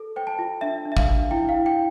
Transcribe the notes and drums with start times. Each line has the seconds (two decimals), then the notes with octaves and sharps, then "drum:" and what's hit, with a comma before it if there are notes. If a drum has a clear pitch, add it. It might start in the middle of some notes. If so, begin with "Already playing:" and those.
Already playing: A4
0.16 C5 G5
0.27 A5
0.39 F4
0.61 D4 E5
0.85 D4
0.92 E5
0.97 F5, drum: kick G#1
1.08 D4
1.31 E4 G5
1.49 F5
1.55 E4
1.66 G5